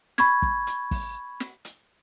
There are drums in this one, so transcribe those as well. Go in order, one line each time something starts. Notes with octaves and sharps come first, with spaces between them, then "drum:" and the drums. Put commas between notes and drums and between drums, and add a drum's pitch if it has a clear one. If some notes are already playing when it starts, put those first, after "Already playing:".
B5 C#6 G#6, drum: snare
drum: kick
drum: hi-hat
drum: kick, open hi-hat
drum: snare
drum: hi-hat